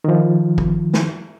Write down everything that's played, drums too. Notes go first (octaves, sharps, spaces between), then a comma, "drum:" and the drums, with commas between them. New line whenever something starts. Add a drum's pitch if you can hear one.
D#3 F3
drum: kick
drum: snare